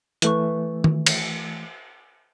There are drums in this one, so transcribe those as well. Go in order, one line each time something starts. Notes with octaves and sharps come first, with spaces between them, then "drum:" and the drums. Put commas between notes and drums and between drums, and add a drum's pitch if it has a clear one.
E3 A3 B4 C#6, drum: hi-hat
drum: tom D#3
drum: cymbal